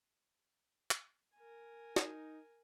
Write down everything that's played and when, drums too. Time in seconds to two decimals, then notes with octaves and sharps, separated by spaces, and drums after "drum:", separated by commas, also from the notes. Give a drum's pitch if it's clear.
0.91 drum: clap
1.35 A#4 G#5
1.96 D#4, drum: snare